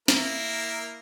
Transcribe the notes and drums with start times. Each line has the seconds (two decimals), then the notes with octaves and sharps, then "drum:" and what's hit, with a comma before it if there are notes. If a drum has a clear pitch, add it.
0.08 A#3 E4 A#4, drum: snare